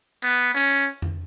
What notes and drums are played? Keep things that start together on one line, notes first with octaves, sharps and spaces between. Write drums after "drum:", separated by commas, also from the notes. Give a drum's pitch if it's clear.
B3
C#4
drum: hi-hat
drum: tom F2